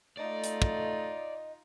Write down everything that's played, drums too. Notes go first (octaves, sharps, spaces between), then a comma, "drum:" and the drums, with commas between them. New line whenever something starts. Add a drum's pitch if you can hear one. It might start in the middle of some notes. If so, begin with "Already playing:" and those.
A3 D#4 F4 D5 D#5
drum: hi-hat
drum: kick